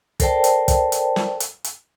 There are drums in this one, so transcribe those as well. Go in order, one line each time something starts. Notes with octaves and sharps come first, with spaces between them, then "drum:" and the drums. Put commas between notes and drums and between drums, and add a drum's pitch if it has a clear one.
A4 A#4 C5 D5 G5 A5, drum: kick, hi-hat
drum: hi-hat
drum: kick, hi-hat
drum: hi-hat
drum: snare
drum: hi-hat
drum: hi-hat